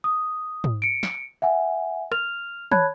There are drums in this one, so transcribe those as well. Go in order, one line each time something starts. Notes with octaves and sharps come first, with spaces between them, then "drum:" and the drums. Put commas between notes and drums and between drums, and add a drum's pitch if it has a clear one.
D#6
drum: tom G#2
C#7 D7
drum: snare
E5 F#5 G#5
F6 F7, drum: rim click
C#5 A5 B5 F#6 G#6, drum: tom